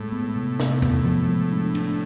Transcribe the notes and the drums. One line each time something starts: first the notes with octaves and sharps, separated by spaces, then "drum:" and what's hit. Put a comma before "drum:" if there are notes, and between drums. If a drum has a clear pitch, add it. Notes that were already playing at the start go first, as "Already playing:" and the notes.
Already playing: A2 G#3
B3
C3
C3, drum: snare
A2 B3, drum: tom E2
F3
G#3
D4
D4, drum: cymbal